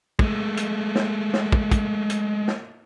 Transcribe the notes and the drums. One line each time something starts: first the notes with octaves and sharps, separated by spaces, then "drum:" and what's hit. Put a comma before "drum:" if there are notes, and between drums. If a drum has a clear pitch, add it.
G#3 A3, drum: kick
drum: hi-hat
drum: snare
drum: snare
drum: kick
drum: kick, hi-hat
drum: hi-hat
drum: snare